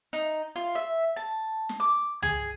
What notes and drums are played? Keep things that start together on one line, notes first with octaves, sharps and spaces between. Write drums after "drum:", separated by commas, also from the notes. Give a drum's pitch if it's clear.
D#4
F4
E5
A5
drum: snare
D6
G#4, drum: tom C2